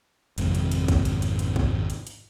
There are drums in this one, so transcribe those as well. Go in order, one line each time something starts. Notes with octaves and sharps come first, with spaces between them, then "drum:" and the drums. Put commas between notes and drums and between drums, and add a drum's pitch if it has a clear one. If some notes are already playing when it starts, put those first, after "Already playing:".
G#1 F2 G#2 C3, drum: hi-hat
drum: hi-hat
drum: hi-hat
drum: kick, hi-hat
drum: hi-hat
drum: hi-hat
drum: hi-hat
drum: kick
drum: hi-hat
drum: hi-hat